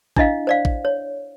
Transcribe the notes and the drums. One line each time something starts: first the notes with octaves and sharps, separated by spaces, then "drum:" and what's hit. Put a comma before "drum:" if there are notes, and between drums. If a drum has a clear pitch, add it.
D4 E4 D#5 F5, drum: kick A1
C5 D5 F5
drum: kick A1
C#5